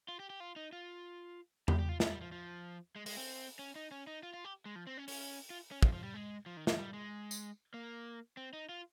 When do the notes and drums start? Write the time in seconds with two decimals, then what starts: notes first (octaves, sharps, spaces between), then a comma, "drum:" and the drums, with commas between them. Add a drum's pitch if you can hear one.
0.08 F4
0.20 G4
0.30 G4
0.40 F4
0.56 D#4
0.73 F4
1.68 G4, drum: tom E2
1.79 G4
1.89 F4
2.00 C#4, drum: snare
2.10 G3
2.21 F3
2.32 F3
2.96 G#3
3.06 G#3, drum: open hi-hat
3.17 C4
3.59 C#4
3.76 D#4
3.91 C#4
4.07 D#4
4.23 F4
4.34 F4
4.44 G4
4.65 G#3
4.76 F3
4.87 C4
4.97 C#4
5.08 C#4, drum: open hi-hat
5.50 F4
5.71 C#4
5.83 F3, drum: kick
5.93 F3
6.03 G3
6.14 G#3
6.46 F3
6.57 D#3
6.67 F3, drum: snare
6.78 G3
6.94 G#3
7.31 drum: tambourine
7.74 A#3
8.37 C4
8.53 D#4
8.69 F4